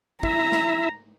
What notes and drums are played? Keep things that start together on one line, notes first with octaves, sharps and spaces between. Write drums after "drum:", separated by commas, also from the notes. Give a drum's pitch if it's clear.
E4 E5 A#5, drum: kick
drum: snare